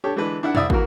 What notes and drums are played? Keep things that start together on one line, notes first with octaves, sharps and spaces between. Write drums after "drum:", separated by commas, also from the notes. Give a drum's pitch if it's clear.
D4 G4 A4 C#5
D3 E3 G#3 D4 B4
D#3 D4 E4 F#5
C2 D5 E5 D#6, drum: tom E2
E3 A#3 F#4 A#4, drum: kick